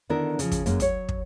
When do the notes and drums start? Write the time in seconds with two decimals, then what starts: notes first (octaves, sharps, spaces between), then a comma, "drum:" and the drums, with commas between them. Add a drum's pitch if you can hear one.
0.10 D3 D#3 B3 D4 E4 A#4
0.39 C#3 F3, drum: hi-hat
0.52 drum: kick, hi-hat
0.66 F#2 G#3 A#3, drum: hi-hat
0.80 F#3 C#5, drum: kick, hi-hat
1.09 drum: kick